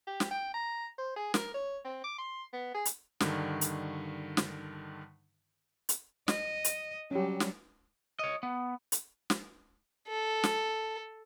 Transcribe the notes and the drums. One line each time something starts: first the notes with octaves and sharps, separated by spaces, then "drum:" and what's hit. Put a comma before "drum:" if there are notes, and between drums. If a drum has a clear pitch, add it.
G4
drum: snare
G5
A#5
C5
G#4
A#4, drum: snare
C#5
C4
D6
C6
B3
G#4
drum: hi-hat
G2 D3 D#3, drum: snare
drum: hi-hat
drum: snare
drum: hi-hat
D#5, drum: snare
drum: hi-hat
F#3 G3 C#4 G4
drum: snare
C#5 D#5
B3
drum: hi-hat
drum: snare
A4
drum: snare